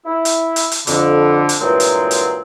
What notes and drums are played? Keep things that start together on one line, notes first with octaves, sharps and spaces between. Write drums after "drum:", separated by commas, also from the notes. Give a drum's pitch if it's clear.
E4
drum: hi-hat
drum: hi-hat
drum: hi-hat
F2 D3, drum: hi-hat
drum: hi-hat
G2 A#2 E3 F#3 G#3 C4
drum: hi-hat
drum: hi-hat